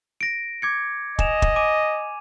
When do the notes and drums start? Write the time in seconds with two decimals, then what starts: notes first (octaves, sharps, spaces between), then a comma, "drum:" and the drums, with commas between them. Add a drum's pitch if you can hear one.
0.21 A#6 D7
0.62 D6 G#6 C#7
1.19 D#5 G#5 E7 F7, drum: kick
1.42 drum: kick
1.56 G#5 D6 D#7